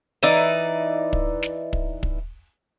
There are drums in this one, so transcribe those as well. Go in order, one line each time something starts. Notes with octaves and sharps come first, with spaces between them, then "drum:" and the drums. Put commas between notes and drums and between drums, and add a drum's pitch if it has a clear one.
E3 D#4 D5
drum: kick
drum: snare
drum: kick
drum: kick